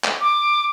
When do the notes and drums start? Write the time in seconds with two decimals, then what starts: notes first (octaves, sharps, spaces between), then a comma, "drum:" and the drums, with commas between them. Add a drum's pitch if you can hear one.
0.04 drum: clap
0.21 D6